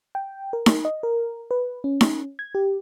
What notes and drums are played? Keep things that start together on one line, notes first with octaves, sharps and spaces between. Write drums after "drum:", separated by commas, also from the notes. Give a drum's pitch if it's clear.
G5
A#4
drum: snare D#4
D#5
A#4
B4
C#4
drum: snare D#4
G#6
G4